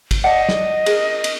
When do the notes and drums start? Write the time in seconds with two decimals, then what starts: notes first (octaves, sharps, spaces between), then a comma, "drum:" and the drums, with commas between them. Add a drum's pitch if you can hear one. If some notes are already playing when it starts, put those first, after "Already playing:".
0.11 drum: kick, cymbal
0.24 D5 D#5 F#5 A5
0.49 drum: snare
0.86 G#4 A#4, drum: cymbal
1.24 drum: cymbal